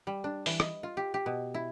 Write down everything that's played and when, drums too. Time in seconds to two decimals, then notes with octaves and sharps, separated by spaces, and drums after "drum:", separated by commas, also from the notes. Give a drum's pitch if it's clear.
0.07 G3
0.24 D4
0.46 E3, drum: open hi-hat
0.60 D#5, drum: rim click
0.83 F4
0.97 G4
1.14 G4
1.26 B2
1.54 E4